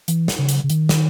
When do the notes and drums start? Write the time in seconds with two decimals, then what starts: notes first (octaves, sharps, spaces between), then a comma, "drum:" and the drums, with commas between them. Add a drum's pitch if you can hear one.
0.08 E3, drum: hi-hat
0.28 drum: snare
0.39 C#3
0.49 drum: hi-hat
0.64 C#3
0.70 D#3, drum: hi-hat
0.89 drum: snare